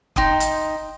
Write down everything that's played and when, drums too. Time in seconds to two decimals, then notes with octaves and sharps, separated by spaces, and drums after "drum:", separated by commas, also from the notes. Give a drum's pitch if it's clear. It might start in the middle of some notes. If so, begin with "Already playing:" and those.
0.16 D#4 G5 C6 D#6, drum: kick
0.40 drum: hi-hat